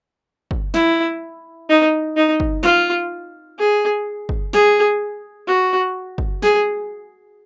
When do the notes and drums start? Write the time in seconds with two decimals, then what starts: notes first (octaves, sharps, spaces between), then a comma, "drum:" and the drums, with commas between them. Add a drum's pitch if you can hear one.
0.51 drum: kick
0.74 E4, drum: snare
1.70 D#4
2.17 D#4
2.40 drum: kick
2.63 F4, drum: snare
3.59 G#4
4.29 drum: kick
4.53 G#4, drum: snare
5.47 F#4
6.18 drum: kick
6.42 G#4, drum: snare